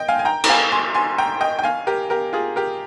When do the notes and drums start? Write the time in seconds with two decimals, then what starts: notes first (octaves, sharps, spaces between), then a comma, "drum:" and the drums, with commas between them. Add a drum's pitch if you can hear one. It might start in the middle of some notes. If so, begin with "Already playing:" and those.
Already playing: D#5 G5
0.08 F5 G#5
0.19 G#5
0.25 G5 A#5
0.44 A#5, drum: cymbal
0.49 F5 G#5
0.72 G#5 C6
0.94 G#5 C6
1.18 G5 A#5
1.41 D#5 G5
1.59 G5
1.64 F5 G#5
1.87 G4 A#4
2.10 G4 A#4
2.33 F4 G#4
2.56 G4 A#4